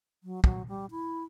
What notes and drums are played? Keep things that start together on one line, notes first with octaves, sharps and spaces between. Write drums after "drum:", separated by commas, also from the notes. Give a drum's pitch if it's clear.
F#3
F#3, drum: kick
G3
E4